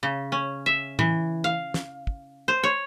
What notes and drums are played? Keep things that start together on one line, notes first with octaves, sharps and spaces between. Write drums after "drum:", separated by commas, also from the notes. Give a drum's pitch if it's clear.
C#3
C#4
E5
E3, drum: tom A2
F5
drum: snare
drum: kick
C5
C#5